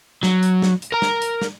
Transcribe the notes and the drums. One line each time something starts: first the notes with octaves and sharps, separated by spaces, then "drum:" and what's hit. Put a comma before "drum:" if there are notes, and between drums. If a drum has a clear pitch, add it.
F#3, drum: snare
drum: hi-hat
drum: snare
drum: hi-hat
A#4 A#5
drum: snare
drum: hi-hat
drum: snare